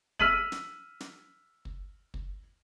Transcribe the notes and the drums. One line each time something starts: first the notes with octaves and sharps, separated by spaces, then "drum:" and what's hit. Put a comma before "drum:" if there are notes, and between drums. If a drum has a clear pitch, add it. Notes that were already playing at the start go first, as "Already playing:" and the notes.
E6 F6 B6 D#7 F#7, drum: kick
drum: snare
drum: snare
drum: kick
drum: kick